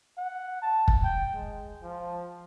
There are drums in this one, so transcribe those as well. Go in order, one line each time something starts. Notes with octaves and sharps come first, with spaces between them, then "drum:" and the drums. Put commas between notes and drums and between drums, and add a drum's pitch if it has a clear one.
F#5
A5
drum: kick
G5
G#3
F3